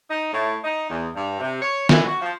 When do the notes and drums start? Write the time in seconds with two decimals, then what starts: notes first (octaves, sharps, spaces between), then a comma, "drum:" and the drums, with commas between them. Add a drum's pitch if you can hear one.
0.10 D#4
0.32 A2
0.64 D#4
0.90 E2
1.15 G2
1.40 C3
1.62 C#5
1.89 E3, drum: snare
2.05 F#4
2.21 F3